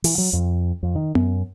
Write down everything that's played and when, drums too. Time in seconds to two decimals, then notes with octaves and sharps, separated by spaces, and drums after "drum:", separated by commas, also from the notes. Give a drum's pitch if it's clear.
0.04 E3, drum: open hi-hat
0.18 F#3
0.33 F2
0.83 F2
0.95 D#3
1.15 F#2, drum: tom B3